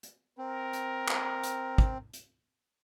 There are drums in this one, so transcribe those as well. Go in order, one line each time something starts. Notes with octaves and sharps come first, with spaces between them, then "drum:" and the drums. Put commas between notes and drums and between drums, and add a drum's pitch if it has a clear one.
drum: hi-hat
C4 A#4
drum: hi-hat
drum: clap
drum: hi-hat
drum: kick
drum: hi-hat